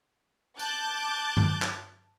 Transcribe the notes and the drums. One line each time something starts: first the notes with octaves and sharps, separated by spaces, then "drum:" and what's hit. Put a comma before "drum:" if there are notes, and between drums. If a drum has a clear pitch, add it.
A5 D6 F#6 G6 A6, drum: tambourine
drum: tom G2
drum: clap